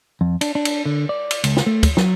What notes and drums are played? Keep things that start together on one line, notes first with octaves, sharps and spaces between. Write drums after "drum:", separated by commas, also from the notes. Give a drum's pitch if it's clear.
F2
D4, drum: cymbal
D4
drum: cymbal
D3
D5
drum: cymbal
C#2, drum: cymbal
drum: snare
A3
drum: kick, cymbal
F#3, drum: snare